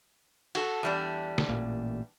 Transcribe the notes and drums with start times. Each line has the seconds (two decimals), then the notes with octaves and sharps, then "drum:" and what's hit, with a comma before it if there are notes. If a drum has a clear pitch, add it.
0.55 F#4 A4, drum: cymbal
0.83 E2 G3 D4
1.38 drum: snare
1.49 A1 A#2 A#3